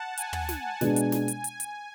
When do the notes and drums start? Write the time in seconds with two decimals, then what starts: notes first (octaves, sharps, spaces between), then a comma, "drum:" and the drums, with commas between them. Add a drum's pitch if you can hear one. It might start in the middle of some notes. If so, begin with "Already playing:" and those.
Already playing: F#5 A5
0.17 G#5, drum: hi-hat
0.33 drum: tom
0.49 drum: snare
0.81 B2 G#3 D4, drum: snare
0.96 drum: hi-hat
1.12 drum: snare
1.28 drum: hi-hat
1.44 G#5, drum: hi-hat
1.60 drum: hi-hat